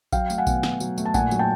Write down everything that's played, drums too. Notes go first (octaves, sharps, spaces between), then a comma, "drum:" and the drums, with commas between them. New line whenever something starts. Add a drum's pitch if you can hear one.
F#3 F5 G5, drum: kick A#1, tambourine
A3, drum: tambourine
F#5 G#5
B2, drum: kick A#1, tambourine
B2, drum: snare
F#3, drum: tambourine
A3, drum: tambourine
A5
A#2 F#5 G#5, drum: kick A#1, tambourine
F#3, drum: tambourine
G5 A5